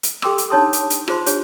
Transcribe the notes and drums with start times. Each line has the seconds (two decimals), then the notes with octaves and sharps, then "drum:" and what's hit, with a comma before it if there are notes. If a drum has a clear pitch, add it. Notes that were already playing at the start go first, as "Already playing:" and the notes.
0.03 drum: hi-hat
0.22 G4 A4 G5 C6 D6 E6, drum: rim click
0.38 drum: hi-hat
0.50 D4 D#4 C#5 A5 C6 D#6
0.73 drum: hi-hat
0.90 drum: hi-hat
1.08 F4 G#4 C5 C6, drum: rim click
1.26 D4 G4 C#5, drum: hi-hat